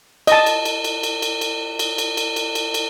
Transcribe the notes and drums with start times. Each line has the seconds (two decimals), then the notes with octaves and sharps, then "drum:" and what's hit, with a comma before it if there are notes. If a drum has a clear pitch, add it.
0.27 D#5 A5, drum: cymbal
0.46 drum: cymbal
0.65 drum: cymbal
0.84 drum: cymbal
1.03 drum: cymbal
1.22 drum: cymbal
1.41 drum: cymbal
1.79 drum: cymbal
1.98 drum: cymbal
2.17 drum: cymbal
2.36 drum: cymbal
2.55 drum: cymbal
2.74 drum: cymbal